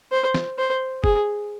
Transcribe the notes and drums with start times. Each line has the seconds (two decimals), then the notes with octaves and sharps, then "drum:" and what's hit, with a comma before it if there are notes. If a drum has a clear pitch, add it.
0.11 C5
0.34 drum: snare
0.58 C5
1.04 G#4, drum: kick